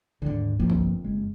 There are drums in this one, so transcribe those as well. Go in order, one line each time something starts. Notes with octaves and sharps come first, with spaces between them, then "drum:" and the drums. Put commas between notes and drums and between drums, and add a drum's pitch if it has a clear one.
D#2 G#2 D3
G1 F2 F3 A#3
drum: kick
F#1 G#3